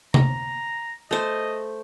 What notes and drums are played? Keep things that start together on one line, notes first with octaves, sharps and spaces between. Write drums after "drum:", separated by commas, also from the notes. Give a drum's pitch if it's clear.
A#5, drum: tom C3
A3 C5 D#5